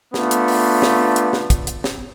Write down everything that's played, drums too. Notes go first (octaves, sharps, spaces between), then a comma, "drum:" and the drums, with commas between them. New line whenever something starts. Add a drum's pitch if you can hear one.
A3 B3 D4 F4, drum: snare
drum: hi-hat
drum: open hi-hat
drum: snare
drum: hi-hat
drum: snare
drum: kick, hi-hat
drum: hi-hat
drum: snare